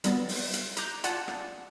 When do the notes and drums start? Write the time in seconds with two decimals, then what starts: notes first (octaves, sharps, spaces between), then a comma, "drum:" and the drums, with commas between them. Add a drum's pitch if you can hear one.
0.04 F#3 G3 B3 A6, drum: hi-hat
0.29 drum: open hi-hat
0.53 drum: hi-hat
0.77 A#5 D6 F#6 G6, drum: hi-hat
1.04 F4 D5 F#5 G#5 A5, drum: hi-hat
1.28 drum: rim click